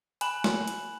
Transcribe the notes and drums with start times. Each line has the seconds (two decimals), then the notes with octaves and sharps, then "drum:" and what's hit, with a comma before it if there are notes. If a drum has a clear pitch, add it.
0.21 G#5 B5 F#6 E7 F#7, drum: hi-hat
0.44 drum: snare
0.68 drum: hi-hat